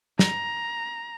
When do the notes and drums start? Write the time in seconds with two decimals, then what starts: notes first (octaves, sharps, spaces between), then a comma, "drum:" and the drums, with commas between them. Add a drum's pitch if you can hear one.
0.19 A#5, drum: snare